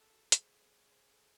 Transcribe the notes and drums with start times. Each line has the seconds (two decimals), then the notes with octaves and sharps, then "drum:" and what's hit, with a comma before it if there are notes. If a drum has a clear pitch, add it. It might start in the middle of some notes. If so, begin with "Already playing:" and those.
Already playing: G#4 A4
0.13 F#4
0.32 G#4 C5, drum: hi-hat
0.43 C5
0.53 A4
0.62 C5
0.72 C#5
0.92 C5
1.12 A4